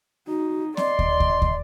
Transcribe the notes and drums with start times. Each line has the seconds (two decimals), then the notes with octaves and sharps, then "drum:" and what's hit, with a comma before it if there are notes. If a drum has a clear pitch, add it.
0.27 D#4 F#4
0.77 D5 D#5 C6, drum: snare C4
0.99 drum: kick
1.20 drum: kick
1.42 drum: kick